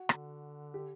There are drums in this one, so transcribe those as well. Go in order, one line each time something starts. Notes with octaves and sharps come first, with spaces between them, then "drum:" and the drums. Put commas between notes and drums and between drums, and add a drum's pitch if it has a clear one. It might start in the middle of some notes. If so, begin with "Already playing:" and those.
Already playing: F#4
D3, drum: rim click
G4